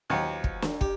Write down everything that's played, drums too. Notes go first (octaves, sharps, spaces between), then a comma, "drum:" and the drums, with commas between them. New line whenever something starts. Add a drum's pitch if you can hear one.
D#2 F3 F#3 B3
drum: kick
drum: snare
G4, drum: kick